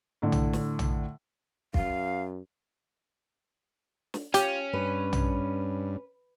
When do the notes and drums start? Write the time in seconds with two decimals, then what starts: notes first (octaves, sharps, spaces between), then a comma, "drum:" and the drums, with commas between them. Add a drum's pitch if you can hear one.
0.22 A2 D3
0.32 drum: tom
0.53 drum: snare
0.79 drum: tom
1.74 F#2 F5, drum: kick
4.14 drum: snare
4.34 C#4 F4 G4, drum: hi-hat
4.73 G2 B4
5.13 drum: tom